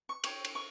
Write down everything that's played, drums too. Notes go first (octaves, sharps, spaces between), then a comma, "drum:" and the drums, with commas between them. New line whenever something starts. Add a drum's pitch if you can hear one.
C#6
G4 C#5 C#6, drum: cymbal
drum: cymbal
C#6